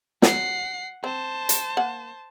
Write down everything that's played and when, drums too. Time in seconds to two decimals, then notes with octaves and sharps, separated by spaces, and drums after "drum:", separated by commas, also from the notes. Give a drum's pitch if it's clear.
0.22 F#3 F#5 C7, drum: snare
1.04 C4 C5 A5
1.49 drum: hi-hat
1.77 A#3 F#5